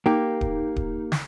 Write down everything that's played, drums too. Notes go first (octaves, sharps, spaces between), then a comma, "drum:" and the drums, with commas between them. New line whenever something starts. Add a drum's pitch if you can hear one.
A#3 D#4 G4
drum: kick D1
drum: kick D1
drum: snare